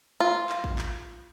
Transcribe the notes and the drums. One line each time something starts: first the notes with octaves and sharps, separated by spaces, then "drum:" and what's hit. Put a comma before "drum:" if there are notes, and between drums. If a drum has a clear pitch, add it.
F4
drum: clap
drum: kick
drum: clap